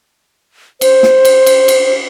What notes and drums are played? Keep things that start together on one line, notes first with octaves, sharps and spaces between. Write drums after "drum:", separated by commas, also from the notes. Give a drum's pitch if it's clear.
C5, drum: cymbal
drum: snare
drum: cymbal
drum: cymbal
drum: cymbal